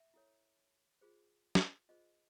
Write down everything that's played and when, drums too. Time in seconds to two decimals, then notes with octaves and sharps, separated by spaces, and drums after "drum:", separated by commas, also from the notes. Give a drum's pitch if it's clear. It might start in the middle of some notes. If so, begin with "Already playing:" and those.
Already playing: E5
0.14 E4 A4 C#5
1.01 F4 G#4 C5
1.55 drum: snare
1.89 F4 G#4 C5 D#5